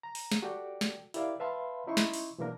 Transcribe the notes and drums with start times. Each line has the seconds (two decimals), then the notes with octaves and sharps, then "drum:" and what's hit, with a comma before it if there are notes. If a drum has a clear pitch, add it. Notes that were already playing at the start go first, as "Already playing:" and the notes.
0.03 A#5
0.15 drum: open hi-hat
0.32 drum: snare
0.42 F#4 G4 A4 D5 G5
0.81 drum: snare
1.14 E4 G4 A#4 D5 E5 F5, drum: hi-hat
1.40 B4 E5 F5 A5 B5 C6
1.87 C#4 D#4 E4 C6 C#6
1.97 drum: snare
2.13 drum: open hi-hat
2.38 B2 E3 F#3 A#3 D4 A#4